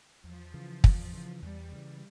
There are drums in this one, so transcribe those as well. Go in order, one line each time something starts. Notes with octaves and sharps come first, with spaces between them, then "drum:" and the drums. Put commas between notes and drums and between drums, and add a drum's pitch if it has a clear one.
E2 F3
C#3 E3
E2, drum: kick
C#3 E3
E2 G3
C#3 E3